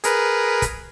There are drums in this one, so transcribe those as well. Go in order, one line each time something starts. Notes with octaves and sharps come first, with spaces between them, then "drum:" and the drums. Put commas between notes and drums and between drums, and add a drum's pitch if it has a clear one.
G#4 A#4 B4, drum: hi-hat
drum: kick, hi-hat